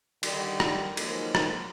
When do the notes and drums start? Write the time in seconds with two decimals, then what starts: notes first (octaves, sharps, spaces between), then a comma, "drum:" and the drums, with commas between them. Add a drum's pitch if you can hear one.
0.23 D3 D#3 G3, drum: cymbal
0.60 drum: rim click
0.97 D#3 F3 F#3 G#3 A#3 D#4, drum: cymbal
1.35 drum: rim click